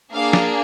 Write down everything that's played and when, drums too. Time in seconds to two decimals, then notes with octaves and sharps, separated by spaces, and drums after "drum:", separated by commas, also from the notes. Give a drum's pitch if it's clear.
0.13 A#3 D4 G#4 F5
0.33 drum: snare